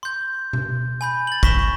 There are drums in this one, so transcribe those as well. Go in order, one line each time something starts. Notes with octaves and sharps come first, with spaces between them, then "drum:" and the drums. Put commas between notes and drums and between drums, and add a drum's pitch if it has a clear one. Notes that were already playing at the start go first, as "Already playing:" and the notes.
C6 G6
drum: tom B2
G#5 B5 G6
A6 F#7
C#6 A#6 B6 E7 G7, drum: kick